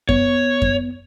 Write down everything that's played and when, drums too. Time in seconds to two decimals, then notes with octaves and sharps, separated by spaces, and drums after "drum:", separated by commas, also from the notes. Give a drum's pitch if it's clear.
0.09 B3 C#5, drum: kick F#2
0.62 drum: kick F#2